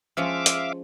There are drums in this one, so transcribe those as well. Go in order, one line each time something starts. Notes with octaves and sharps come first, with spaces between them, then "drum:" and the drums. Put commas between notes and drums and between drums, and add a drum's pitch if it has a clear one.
F3 G#3 C#4 E5 F5 D6
drum: hi-hat